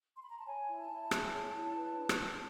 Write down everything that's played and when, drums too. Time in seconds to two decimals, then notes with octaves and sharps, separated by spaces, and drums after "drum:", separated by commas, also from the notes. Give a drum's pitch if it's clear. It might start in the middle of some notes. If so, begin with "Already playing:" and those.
0.15 C6
0.23 B5
0.30 A#5
0.38 A5
0.46 C#5 G#5
0.68 E4
0.78 A5
0.90 E4
1.11 G#4, drum: rim click
1.33 C#5
1.55 E4
1.77 B4
1.98 D4
2.09 drum: rim click
2.21 D4